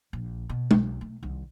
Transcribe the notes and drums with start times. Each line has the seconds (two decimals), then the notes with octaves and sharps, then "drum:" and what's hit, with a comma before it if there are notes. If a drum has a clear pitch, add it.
0.13 A#1
0.49 B2
0.71 B1, drum: tom G#3
1.01 A3
1.23 C2 D#3